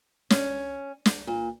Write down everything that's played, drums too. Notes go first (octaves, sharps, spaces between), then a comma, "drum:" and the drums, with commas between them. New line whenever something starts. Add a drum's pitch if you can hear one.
C#4, drum: snare
drum: snare
A#2